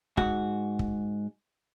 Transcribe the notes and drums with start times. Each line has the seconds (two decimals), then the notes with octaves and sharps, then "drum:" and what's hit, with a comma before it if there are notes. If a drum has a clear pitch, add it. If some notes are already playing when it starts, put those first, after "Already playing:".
0.17 G#2 F#4, drum: kick
0.79 drum: kick